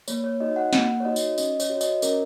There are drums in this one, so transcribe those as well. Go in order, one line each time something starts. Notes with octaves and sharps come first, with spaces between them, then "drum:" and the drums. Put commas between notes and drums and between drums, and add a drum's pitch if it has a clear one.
A#3 C#5, drum: tambourine
C#5
D#4 F#4 D#5
F#5
A#3 F#5, drum: snare
C#5
D#4 F#4 D#5
drum: tambourine
C#4 D#5, drum: tambourine
C#5, drum: tambourine
F#4
C#5
D#5, drum: tambourine
C#4 A#4, drum: tambourine